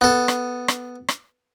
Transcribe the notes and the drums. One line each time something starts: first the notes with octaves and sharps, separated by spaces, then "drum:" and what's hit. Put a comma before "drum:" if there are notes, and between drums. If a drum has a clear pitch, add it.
B3 A4
drum: rim click
drum: rim click
drum: rim click